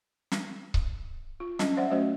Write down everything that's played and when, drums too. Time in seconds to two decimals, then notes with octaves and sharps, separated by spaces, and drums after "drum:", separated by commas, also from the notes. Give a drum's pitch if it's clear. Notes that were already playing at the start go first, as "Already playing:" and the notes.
0.31 drum: snare
0.74 drum: kick C#1
1.40 F4
1.59 F#3 C#4, drum: snare
1.77 C5 D5 E5 F#5
1.91 F#3 A3 C#4 F#4 C5